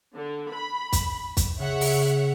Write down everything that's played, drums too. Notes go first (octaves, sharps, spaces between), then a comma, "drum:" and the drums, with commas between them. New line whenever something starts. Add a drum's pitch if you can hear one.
D3
B5
drum: kick, hi-hat
drum: kick, hi-hat
C#3 C#5 E5 F#5
drum: open hi-hat